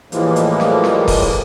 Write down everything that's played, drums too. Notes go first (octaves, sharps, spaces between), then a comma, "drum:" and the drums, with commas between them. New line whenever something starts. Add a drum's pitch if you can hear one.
A2 E3 F3 G3 G#3 A#3, drum: hi-hat
drum: hi-hat
drum: snare
drum: snare
drum: kick D#1, open hi-hat